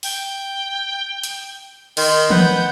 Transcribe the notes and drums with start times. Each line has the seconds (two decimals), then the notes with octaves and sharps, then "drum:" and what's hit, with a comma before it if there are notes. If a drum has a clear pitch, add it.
0.03 G5, drum: open hi-hat
1.23 drum: hi-hat
1.97 D#3 C6, drum: cymbal
2.30 B3 G6, drum: tom D#3